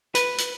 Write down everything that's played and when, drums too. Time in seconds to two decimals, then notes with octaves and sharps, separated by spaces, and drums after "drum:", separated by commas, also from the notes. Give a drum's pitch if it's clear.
0.15 B4, drum: hi-hat
0.38 drum: hi-hat